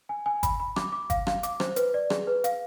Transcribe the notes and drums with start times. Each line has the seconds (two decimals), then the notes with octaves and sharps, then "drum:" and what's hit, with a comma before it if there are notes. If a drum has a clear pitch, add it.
0.09 G#5
0.26 G#5
0.43 B5, drum: kick, hi-hat
0.60 B5
0.76 D6, drum: rim click
0.92 D6
1.10 F5, drum: kick, hi-hat
1.27 F5, drum: rim click
1.43 D6, drum: hi-hat
1.60 C5, drum: rim click
1.76 B4, drum: hi-hat
1.94 D5
2.10 G#4, drum: rim click
2.27 B4
2.44 F5, drum: hi-hat